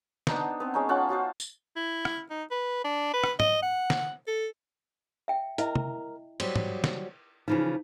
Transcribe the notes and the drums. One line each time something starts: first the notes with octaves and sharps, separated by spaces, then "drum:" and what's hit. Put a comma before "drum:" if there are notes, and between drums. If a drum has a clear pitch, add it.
B3 D4 D#4 C5, drum: snare
B3 C4
G#3 C#4 D#4
C#4 F4 F#5 A5
F4 F#4 C5 D#6
drum: tambourine
E4
drum: rim click
D#4
B4
D4
B4
drum: rim click
D#5, drum: tom
F#5
drum: snare
A4
E5 G5
E4 A#4 D#5 E5, drum: hi-hat
drum: tom
F#3 G3 C5, drum: cymbal
drum: tom G#2
drum: snare
C#3 E3 F3 D#4